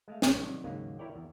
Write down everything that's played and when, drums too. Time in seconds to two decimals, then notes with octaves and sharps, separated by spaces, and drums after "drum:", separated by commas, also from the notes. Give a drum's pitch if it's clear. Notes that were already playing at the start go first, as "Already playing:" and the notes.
0.08 G#3 A3 F5
0.22 A1, drum: snare
0.38 C3 D#3 F#3 G3
0.64 D#2 G#2 C#3 F#3 A#3
0.99 E4 A#4 C#5 D5 G5
1.15 E2